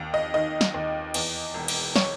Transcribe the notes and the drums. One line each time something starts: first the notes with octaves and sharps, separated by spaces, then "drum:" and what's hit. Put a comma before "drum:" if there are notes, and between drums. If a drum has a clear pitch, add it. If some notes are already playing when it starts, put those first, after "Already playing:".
Already playing: D#2 D#3
D#5
D#3 D#5
drum: snare
D#2
E2, drum: cymbal
E1
drum: cymbal
C#5, drum: snare